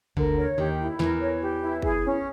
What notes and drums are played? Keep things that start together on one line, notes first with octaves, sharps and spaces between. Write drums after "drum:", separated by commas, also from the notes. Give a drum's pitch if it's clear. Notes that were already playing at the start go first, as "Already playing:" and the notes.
D2 D3 A#4, drum: kick
C#5
D#2 D#3 G4
E4
E2 E3 A#4, drum: snare
C#5
G4
E4
G#4, drum: kick
C#4